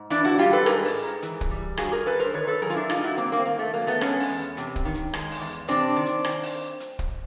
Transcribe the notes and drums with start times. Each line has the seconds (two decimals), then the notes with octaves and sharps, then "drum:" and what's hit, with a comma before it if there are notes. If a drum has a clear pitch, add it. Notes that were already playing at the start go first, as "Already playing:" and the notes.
Already playing: G#2
0.10 E3 D4 E4, drum: hi-hat
0.24 E4 F#4
0.38 G3 F4 G4
0.53 A4 B4
0.66 G#2 G#4 A#4, drum: rim click
0.85 drum: open hi-hat
0.94 G#2
1.22 E3, drum: hi-hat
1.41 drum: kick
1.51 G3
1.77 G2 F#4 G#4, drum: rim click
1.92 G#4 A#4
2.06 G2 A4 B4
2.19 A#4 C5
2.34 D#3 B4 C#5
2.47 A4 B4
2.62 F#3 G#4 A#4
2.70 F4, drum: hi-hat
2.76 D4 E4
2.90 G2 D#4 F4, drum: rim click
3.04 E4 F#4
3.17 G2 A#3 C4
3.32 A#3 C4
3.45 D#3 A#3
3.59 A3
3.73 F#3 A#3
3.87 A3 B3
4.01 G#3 B3 C#4, drum: rim click
4.20 drum: open hi-hat
4.29 E2
4.57 C3, drum: hi-hat
4.76 drum: kick
4.85 D#3
4.94 drum: hi-hat
5.13 G#3, drum: rim click
5.31 drum: open hi-hat
5.41 E2
5.68 C3 C4 D4, drum: hi-hat
5.96 D#3
6.06 drum: hi-hat
6.24 drum: rim click
6.43 drum: open hi-hat
6.80 drum: hi-hat
6.99 drum: kick